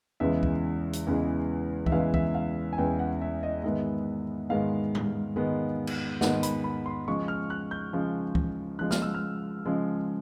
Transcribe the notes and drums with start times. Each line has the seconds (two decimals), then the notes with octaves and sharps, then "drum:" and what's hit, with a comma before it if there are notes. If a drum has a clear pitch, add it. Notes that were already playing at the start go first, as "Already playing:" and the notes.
0.20 E2 C#3 E3 G#3 E5
0.43 drum: kick C#2
0.93 drum: hi-hat
1.07 E2 C#3 E3 G#3
1.86 E5, drum: kick C#2
1.92 E2 C#3 E3 G#3 F5
2.14 E5, drum: kick C#2
2.35 F5
2.73 G#5
2.78 E2 C#3 E3 G#3 G5
2.99 F#5
3.21 E5
3.43 D#5
3.63 G#2 D#3 G#3 B3 E5
4.49 G#2 D#3 G#3 B3 F5
4.95 drum: tom A2
5.36 G#2 D#3 G#3 B3
5.87 drum: cymbal
6.21 G#2 D#3 G#3 B3 F#5, drum: snare
6.43 B5, drum: hi-hat
6.64 B5
6.86 C6
7.08 C#3 F3 G#3 C#6
7.28 F6
7.50 F#6
7.71 G6
7.93 C#3 F3 G#3
8.35 drum: kick C#2
8.79 C#3 F3 G#3 F#6
8.91 F6, drum: snare
9.02 E6
9.14 F6
9.66 C#3 F3 G#3